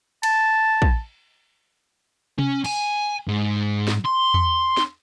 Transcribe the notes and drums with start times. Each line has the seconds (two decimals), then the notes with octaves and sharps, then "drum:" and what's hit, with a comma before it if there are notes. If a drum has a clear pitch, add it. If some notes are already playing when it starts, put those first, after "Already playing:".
0.23 A5, drum: cymbal
0.82 drum: kick
2.38 C#4, drum: tom C3
2.65 G#5, drum: cymbal
3.28 G#2
3.87 drum: snare
4.05 C6
4.34 drum: tom E2
4.77 drum: snare